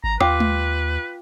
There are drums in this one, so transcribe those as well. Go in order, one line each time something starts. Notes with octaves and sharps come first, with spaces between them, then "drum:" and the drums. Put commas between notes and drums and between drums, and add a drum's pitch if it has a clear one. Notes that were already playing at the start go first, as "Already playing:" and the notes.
G#1 A#5
D#2 F4 B4 F5 G5 D6, drum: rim click
drum: tom G#3